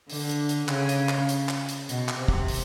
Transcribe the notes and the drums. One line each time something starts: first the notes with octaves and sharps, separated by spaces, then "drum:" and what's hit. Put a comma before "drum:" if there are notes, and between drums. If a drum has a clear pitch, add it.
D3, drum: open hi-hat
drum: hi-hat
drum: hi-hat
C#3, drum: clap
drum: hi-hat
drum: clap
drum: hi-hat
drum: clap
drum: hi-hat
B2, drum: hi-hat
drum: clap
C3
drum: kick
drum: open hi-hat